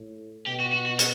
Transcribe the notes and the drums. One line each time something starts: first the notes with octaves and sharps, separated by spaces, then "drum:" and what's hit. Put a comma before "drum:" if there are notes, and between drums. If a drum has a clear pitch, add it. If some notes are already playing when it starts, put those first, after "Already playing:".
Already playing: A2
B2 G4
F#4
F#4
F#4
F#4, drum: hi-hat